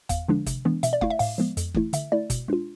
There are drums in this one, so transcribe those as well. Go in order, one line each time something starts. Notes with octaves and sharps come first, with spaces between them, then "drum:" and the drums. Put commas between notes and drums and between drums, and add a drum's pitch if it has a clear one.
E2 F5, drum: kick F#1, hi-hat
D3 F3 G#3 D4
C3, drum: kick F#1, hi-hat
E3 G#3 B3 D4
B2 E5, drum: hi-hat
D5
A3 E4 F5, drum: kick F#1
E5
A2 F5, drum: open hi-hat
F3 G#3 B3
F2, drum: hi-hat
E3 A3 E4, drum: kick F#1
D3 E5, drum: hi-hat
A3 E4 D5
B2, drum: kick F#1, hi-hat
G#3 D4 F4